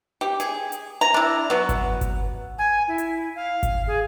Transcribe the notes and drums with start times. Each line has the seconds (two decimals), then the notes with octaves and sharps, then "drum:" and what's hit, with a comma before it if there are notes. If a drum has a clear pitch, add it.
0.21 G4
0.40 G#4, drum: hi-hat
0.72 drum: hi-hat
1.01 A#5
1.14 D4 E4
1.50 F#3 B3
1.69 drum: kick G#1, hi-hat
2.01 drum: kick G#1, hi-hat
2.58 G#5
2.88 E4
2.98 drum: hi-hat
3.36 F5
3.63 drum: kick G#1, hi-hat
3.87 G#4